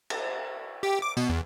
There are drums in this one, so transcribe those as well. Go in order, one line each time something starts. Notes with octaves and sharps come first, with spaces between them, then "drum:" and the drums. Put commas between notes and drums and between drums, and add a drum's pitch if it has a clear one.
drum: cymbal
G4
D6
B2, drum: tambourine
E2